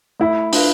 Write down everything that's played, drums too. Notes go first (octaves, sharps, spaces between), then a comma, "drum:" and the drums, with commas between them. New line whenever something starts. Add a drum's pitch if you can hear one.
A3 E4
D4 F4 B4 F5, drum: open hi-hat